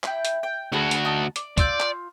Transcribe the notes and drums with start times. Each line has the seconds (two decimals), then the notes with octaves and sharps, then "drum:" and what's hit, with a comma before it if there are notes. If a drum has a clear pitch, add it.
0.04 E4 G5, drum: clap
0.25 drum: hi-hat
0.43 G5
0.72 D2 F#4 G#4 B4 A5
0.91 drum: hi-hat
1.05 D#4 A5
1.36 D5, drum: hi-hat
1.58 F4 D5 E6 G6, drum: kick, hi-hat
1.80 drum: clap